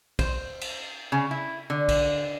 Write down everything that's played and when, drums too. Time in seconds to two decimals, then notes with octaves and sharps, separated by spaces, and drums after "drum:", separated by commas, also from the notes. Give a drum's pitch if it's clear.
0.19 C5, drum: kick, cymbal
0.61 drum: cymbal
1.12 C#3
1.31 E4
1.70 D3
1.89 drum: kick, cymbal